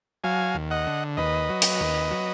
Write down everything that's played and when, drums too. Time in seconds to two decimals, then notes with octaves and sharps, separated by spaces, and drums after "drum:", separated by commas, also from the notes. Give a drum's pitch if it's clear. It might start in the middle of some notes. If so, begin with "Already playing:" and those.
0.24 F#3 F5 G#5
0.55 D#2
0.71 D#5 F#5
0.87 D3
1.17 D#2 B4 D#5
1.49 F#3
1.62 drum: hi-hat
1.80 D#2
2.11 F#3